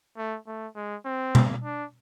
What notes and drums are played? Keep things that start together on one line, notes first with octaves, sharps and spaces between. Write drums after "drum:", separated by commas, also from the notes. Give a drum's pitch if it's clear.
A3
A3
G#3
C4
drum: tom B2
D4